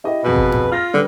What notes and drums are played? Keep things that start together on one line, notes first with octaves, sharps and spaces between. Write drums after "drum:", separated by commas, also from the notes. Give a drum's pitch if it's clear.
E4 G4 D#5
F2 B2 G#4 B4
drum: kick G1
drum: tom G2
F4 F6 A6 A#6
D3 G3 B4